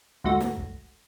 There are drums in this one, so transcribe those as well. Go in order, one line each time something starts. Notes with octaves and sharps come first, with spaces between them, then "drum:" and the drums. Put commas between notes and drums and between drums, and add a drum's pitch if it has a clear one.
D2 G#2 A3 F#4 A#6
drum: snare
drum: kick